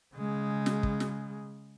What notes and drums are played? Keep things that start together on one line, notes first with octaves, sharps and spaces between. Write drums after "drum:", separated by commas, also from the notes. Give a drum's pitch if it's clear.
C#3 G#3
drum: snare
drum: kick
drum: snare